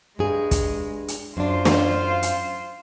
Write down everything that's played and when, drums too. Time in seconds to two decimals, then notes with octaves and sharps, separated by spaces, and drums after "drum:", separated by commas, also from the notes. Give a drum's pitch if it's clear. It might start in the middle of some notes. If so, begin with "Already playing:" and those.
0.19 G2 G#3 G#4
0.51 drum: kick, hi-hat
1.08 drum: hi-hat
1.37 F#2 D4 F4 C5
1.65 drum: snare
2.23 drum: hi-hat